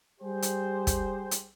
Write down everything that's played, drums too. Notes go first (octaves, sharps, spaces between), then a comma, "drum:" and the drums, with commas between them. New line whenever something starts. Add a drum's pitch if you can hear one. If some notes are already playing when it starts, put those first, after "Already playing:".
G3 G4 G#4 C5
drum: hi-hat
drum: kick, hi-hat
drum: hi-hat